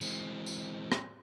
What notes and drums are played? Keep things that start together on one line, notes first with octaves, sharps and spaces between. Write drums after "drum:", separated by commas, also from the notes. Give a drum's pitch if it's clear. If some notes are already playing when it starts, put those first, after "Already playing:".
E3 G#3 C4, drum: tambourine
drum: tambourine
drum: rim click